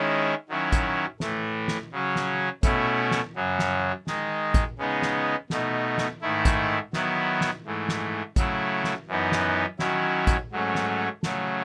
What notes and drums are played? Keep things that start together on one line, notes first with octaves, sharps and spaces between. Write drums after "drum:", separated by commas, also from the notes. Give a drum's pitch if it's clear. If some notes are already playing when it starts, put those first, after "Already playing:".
Already playing: D#3 G#3 C#4 E4
D#3 F#3 C#4 E4
drum: kick, hi-hat
A2 E3 A3, drum: snare
drum: snare
C#3 F#3 C#4
drum: snare
B2 A3 C#4 E4, drum: kick, hi-hat
drum: snare
F#2 C#3 F#3
drum: snare
D#3 G#3 D#4, drum: snare
drum: kick, hi-hat
C#3 G#3 B3 D#4
drum: snare
B2 A3 D#4, drum: snare
drum: snare
G#2 D#3 A3 E4
drum: kick, hi-hat
D#3 F#3 B3 E4, drum: snare
drum: snare
G#2 E3 A3
drum: snare
C#3 F#3 A3 E4, drum: kick, hi-hat
drum: snare
F#2 E3 B3 D#4
drum: snare
D#3 F#3 C#4 E4, drum: snare
drum: kick, hi-hat
G#2 F#3 A3 C#4
drum: snare
C#3 F#3 A3, drum: snare